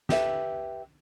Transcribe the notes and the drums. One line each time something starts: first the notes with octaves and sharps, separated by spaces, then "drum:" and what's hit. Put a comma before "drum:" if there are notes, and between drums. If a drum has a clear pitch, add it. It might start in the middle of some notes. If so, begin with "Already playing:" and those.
G4 A4 B4 E5, drum: snare